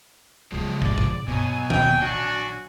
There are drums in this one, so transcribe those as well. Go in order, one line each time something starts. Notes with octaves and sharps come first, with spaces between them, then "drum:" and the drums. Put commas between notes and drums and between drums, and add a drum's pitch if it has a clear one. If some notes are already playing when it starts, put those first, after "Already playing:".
C#3 F3 F#3 G#3
A2 D3 D5, drum: kick
drum: kick
G2 B2 F#3 B3 G#5
E1 A#3 G5, drum: tom D#3
A#1 D4 F#4